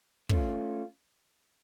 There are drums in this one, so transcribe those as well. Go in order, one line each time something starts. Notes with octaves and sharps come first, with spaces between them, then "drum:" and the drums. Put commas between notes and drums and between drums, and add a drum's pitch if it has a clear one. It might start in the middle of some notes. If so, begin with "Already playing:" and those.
A3 C#4 F4, drum: kick